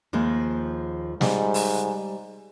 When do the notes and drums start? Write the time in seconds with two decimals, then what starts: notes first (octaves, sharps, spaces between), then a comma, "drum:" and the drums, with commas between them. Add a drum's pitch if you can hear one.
0.13 D#2 F3 G#3
1.21 G#2 G3, drum: snare
1.54 drum: open hi-hat